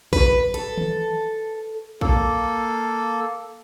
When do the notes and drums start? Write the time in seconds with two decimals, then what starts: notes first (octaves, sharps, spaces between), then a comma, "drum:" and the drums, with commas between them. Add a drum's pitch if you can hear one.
0.13 B4, drum: kick A#1
0.54 A4
0.77 drum: tom D#3
2.01 A#3 A4, drum: kick A#1